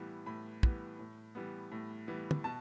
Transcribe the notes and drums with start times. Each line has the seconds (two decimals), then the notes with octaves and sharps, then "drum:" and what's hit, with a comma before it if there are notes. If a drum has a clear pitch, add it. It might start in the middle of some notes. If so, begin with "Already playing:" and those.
Already playing: A2 E3 G3 B3
0.26 A2 B5
0.63 E3 G3 B3, drum: kick
0.99 A2
1.35 E3 G3 B3
1.72 A2
2.08 E3 G3 B3
2.31 drum: tom
2.44 B2 A5